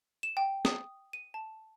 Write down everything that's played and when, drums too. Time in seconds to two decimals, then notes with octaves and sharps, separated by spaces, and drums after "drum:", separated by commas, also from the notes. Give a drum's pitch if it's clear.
0.23 E7
0.37 G5
0.65 D#6, drum: snare
1.13 D#7
1.34 A5